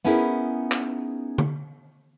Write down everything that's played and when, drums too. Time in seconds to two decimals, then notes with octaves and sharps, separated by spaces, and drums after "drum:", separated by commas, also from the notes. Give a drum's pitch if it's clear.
0.04 B3 C#4 D#4 E4 G#4 A#4
0.71 drum: clap
1.38 drum: tom D3